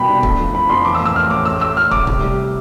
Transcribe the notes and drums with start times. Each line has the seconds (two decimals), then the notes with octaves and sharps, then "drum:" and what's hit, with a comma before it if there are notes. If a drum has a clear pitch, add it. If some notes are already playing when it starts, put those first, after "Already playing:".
Already playing: C2 B2 B3 G5 B5
0.09 D4
0.23 A3, drum: kick
0.39 F3
0.54 F2 B5
0.69 F2 C6
0.85 E3 D6
0.95 E6
1.00 A2
1.06 E6
1.15 A1 F6
1.30 A1 D6
1.46 A3 E6
1.61 A3 E6
1.77 A3 F6
1.91 A3 D6, drum: kick
2.07 C3, drum: kick
2.22 G3